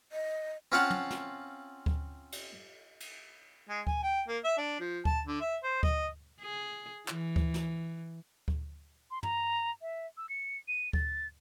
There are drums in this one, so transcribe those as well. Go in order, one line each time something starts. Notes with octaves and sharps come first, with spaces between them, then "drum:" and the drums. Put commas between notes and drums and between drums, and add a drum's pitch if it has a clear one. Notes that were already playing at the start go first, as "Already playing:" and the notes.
D#5
C4 C#4 F4 F5 F#5 A5
drum: tom
drum: snare
drum: kick D2
drum: cymbal
drum: cymbal
G#3
G#5, drum: kick D2
G5
A#3
E5
D4
F3
A5, drum: kick D2
D3
E5
C5
D#5, drum: kick D2
G#4
E3, drum: clap
drum: kick D2
drum: snare
drum: kick D2
C6
A#5, drum: tom
E5
E6
C#7
D#7
A6, drum: kick D2